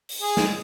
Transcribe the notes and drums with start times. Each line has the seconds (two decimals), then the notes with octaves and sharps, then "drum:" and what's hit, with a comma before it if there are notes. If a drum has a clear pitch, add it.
0.09 drum: open hi-hat
0.22 G#4
0.37 drum: snare